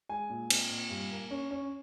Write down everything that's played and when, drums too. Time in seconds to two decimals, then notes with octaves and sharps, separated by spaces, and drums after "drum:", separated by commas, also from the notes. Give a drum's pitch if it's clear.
0.09 G#3 G#5
0.30 A#2
0.50 C4, drum: cymbal
0.70 A#2
0.90 G2
1.11 A#3
1.31 C#4
1.51 C#4